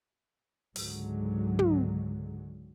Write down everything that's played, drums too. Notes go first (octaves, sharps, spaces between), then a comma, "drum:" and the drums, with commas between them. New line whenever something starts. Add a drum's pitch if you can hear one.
C#2 G#2 D3 F#3 G#3, drum: open hi-hat
drum: tom